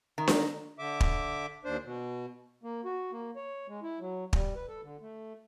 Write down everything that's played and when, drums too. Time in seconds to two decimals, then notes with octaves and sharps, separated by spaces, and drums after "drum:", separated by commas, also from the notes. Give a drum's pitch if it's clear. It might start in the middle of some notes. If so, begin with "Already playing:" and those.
0.18 D#3
0.28 drum: snare D4
0.79 D3 E5 D6
1.00 drum: kick
1.65 D#2 D4 C5
1.85 B2
2.63 A#3
2.85 F#4
3.12 A#3
3.36 C#5
3.68 G#3
3.82 E4
4.00 F#3
4.33 G3, drum: kick
4.55 B4
4.68 A4
4.82 D3
5.02 A3